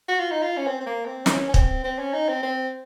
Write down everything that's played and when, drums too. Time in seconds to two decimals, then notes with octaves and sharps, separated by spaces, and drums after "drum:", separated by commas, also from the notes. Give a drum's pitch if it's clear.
0.08 F#4
0.19 F4
0.31 D#4
0.42 F4
0.57 C#4
0.67 C4
0.81 C4
0.86 A#3
1.06 C4
1.26 C#4, drum: snare
1.49 C#4
1.54 C4, drum: kick
1.84 C4
1.99 C#4
2.13 D#4
2.28 C4
2.43 C4